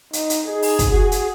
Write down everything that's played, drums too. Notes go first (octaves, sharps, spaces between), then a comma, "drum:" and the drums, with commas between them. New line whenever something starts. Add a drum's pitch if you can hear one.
D#4, drum: hi-hat
drum: hi-hat
D#4 G#4
drum: open hi-hat
drum: kick, hi-hat
F#4
drum: hi-hat